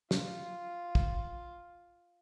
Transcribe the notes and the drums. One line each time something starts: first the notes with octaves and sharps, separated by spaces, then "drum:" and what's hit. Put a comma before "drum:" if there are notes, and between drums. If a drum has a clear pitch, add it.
F4, drum: snare
drum: kick